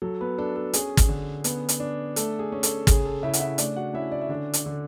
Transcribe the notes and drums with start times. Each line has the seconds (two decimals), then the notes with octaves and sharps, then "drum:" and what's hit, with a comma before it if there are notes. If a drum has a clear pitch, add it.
0.02 F#3 A4
0.21 B3 B4
0.38 D4 A4
0.56 A4
0.73 C#4 G#4, drum: hi-hat
0.97 drum: kick, hi-hat
1.09 D3
1.44 B3, drum: hi-hat
1.69 drum: hi-hat
1.80 D4
2.16 A3 A4, drum: hi-hat
2.39 G#4
2.52 C#4
2.63 A4, drum: hi-hat
2.87 C#3 G#4, drum: kick, hi-hat
3.05 A4
3.22 C#3 E4 E5
3.33 F#5, drum: hi-hat
3.40 E4 E5
3.58 A3 D4 D5, drum: hi-hat
3.76 F#4 F#5
3.94 C#4 E4 E5
4.12 D5
4.21 E5
4.29 D3 D4 D5
4.53 drum: hi-hat
4.66 D3